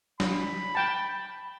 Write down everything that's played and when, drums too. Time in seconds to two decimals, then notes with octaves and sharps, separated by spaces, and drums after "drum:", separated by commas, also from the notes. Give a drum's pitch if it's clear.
0.20 B5, drum: snare
0.75 G5 A5